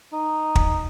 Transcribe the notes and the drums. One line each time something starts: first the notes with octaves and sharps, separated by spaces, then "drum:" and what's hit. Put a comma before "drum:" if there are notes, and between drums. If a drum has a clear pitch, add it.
D#4
drum: kick